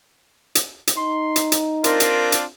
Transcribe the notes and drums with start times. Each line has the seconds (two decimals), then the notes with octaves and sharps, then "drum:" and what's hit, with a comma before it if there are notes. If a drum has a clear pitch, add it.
0.55 drum: hi-hat
0.87 drum: hi-hat
0.97 D#4 C6
1.36 drum: hi-hat
1.52 drum: hi-hat
1.84 C4 D4 F4 A#4, drum: hi-hat
2.00 drum: hi-hat
2.32 drum: hi-hat